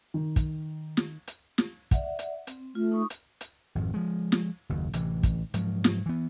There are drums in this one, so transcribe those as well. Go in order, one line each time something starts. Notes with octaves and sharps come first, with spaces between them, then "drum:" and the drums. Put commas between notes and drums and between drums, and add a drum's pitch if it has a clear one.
D#3
drum: kick, hi-hat
drum: snare
drum: hi-hat
drum: snare
D5 E5 F#5, drum: kick, hi-hat
drum: hi-hat
C4, drum: hi-hat
A3 F4
D#4 C#6 D#6
drum: hi-hat
drum: hi-hat
G#1 F2 G#2
F3 G#3
drum: snare
F#1 D#2
A1 C3 E3, drum: hi-hat
drum: kick, hi-hat
G#2 F3 F#3, drum: hi-hat
drum: snare
E3 B3